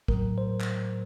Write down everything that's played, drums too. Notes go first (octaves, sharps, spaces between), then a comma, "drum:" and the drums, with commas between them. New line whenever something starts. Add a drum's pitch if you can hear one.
A2 F#3 A3 A#4, drum: kick G#1
C5
drum: clap